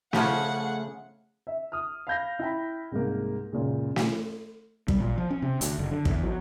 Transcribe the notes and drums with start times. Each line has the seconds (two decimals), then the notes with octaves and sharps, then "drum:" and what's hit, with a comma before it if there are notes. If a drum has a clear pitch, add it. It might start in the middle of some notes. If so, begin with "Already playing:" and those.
0.13 C#3 F3 A3 C#4 G#4 F#5, drum: snare
1.47 E5
1.72 D#6 F6
2.07 F5 B5 G6 A#6
2.39 E4 G5 B5
2.91 C2 G#2 A#3
3.52 C#2 F#2 A#2 C#3
3.96 drum: snare
4.88 G3, drum: kick
5.00 A#2
5.18 F3
5.31 C#4
5.42 C3
5.61 D2, drum: hi-hat
5.78 F#1
5.91 D3
6.05 E2, drum: kick
6.23 F#3